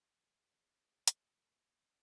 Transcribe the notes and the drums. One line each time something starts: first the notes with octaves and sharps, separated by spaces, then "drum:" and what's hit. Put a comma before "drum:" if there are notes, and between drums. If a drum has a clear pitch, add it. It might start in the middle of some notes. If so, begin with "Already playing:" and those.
F2
C#3
A#3, drum: hi-hat